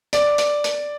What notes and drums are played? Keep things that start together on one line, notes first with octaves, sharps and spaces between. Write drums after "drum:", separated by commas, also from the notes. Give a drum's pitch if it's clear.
D5, drum: hi-hat
drum: hi-hat
drum: hi-hat